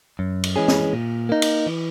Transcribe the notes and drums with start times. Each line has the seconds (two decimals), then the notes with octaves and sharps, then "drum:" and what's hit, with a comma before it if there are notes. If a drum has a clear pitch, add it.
0.19 F#2
0.44 drum: cymbal
0.56 E3 G#3 C#4 G#4
0.68 drum: snare
0.93 A#2
1.29 A#3 D#4
1.42 drum: cymbal
1.67 E3